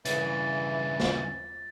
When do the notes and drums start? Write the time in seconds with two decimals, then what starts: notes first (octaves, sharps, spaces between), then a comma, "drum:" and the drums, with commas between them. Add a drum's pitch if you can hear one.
0.05 G2 C#3 E3 A6, drum: hi-hat
1.00 drum: snare